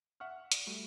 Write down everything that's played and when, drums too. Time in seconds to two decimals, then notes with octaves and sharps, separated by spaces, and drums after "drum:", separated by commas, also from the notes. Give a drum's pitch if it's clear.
0.20 E5 F#5 C#6 F6
0.52 D5, drum: hi-hat
0.67 G3 A3 F#4